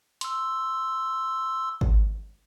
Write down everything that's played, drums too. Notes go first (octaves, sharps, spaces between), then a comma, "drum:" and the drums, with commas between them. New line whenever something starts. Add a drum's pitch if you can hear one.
C6 E6, drum: hi-hat
drum: kick G#1